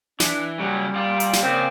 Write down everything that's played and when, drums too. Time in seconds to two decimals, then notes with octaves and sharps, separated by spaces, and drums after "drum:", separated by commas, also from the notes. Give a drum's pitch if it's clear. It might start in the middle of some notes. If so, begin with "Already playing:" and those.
0.20 E3 D4, drum: snare
0.59 C#3 F#3 G3
0.95 F4 D5
1.20 drum: hi-hat
1.33 drum: snare
1.43 C#3 A#3 C4 D5